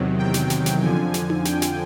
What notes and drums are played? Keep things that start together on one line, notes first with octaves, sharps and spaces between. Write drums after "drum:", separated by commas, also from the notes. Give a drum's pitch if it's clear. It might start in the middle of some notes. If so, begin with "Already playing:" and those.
Already playing: E2 C3 D#3 F#3
G5
drum: snare
drum: snare
drum: snare
F2 D3 F3 G#5
drum: snare
drum: tom D#4
G5, drum: snare
drum: snare